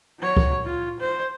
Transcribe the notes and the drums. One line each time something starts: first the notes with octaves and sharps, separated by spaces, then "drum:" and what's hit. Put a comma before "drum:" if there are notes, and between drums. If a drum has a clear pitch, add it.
F#3 C#5
drum: kick C#2
F4
C5